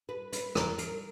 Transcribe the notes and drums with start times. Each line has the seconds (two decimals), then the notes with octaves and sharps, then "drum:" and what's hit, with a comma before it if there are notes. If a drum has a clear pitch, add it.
0.09 B4
0.33 B4, drum: hi-hat
0.55 A#4, drum: rim click
0.78 A#4, drum: hi-hat